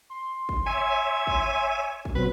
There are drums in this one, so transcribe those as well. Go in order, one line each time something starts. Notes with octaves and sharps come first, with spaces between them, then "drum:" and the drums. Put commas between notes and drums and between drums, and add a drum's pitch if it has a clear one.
C6
drum: kick
C#5 E5 G#5
drum: kick
drum: kick
B2 F#3 C4 B4